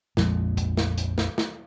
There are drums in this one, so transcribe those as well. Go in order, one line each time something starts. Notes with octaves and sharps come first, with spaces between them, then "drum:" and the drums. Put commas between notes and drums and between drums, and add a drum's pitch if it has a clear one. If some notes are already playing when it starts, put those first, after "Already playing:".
A#1 F2 F3 G#3, drum: snare
drum: kick, hi-hat
drum: snare
drum: hi-hat
drum: snare
drum: snare